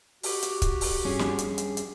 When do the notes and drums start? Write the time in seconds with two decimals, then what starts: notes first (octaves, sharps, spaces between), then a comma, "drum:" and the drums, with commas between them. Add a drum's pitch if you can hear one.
0.23 F#4 G4, drum: open hi-hat
0.43 drum: hi-hat
0.62 drum: kick C#1, hi-hat
0.81 drum: open hi-hat
1.05 G2 C#4 G#4
1.19 drum: snare
1.39 drum: hi-hat
1.58 drum: hi-hat
1.77 drum: hi-hat